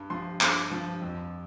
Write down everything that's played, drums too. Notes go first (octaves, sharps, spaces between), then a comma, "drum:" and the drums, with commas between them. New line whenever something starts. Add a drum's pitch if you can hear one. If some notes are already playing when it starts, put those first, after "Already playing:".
Already playing: G2
F3 C6
G2 D6, drum: clap
F3
F2